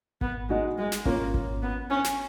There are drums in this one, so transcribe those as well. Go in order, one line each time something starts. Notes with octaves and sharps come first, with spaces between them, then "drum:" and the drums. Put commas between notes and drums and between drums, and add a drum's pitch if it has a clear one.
B3, drum: kick G#1
G#3 D#4 F#4
G#3
drum: snare
A#3 C#4 F4, drum: kick G#1
drum: kick G#1
B3
C#4
drum: snare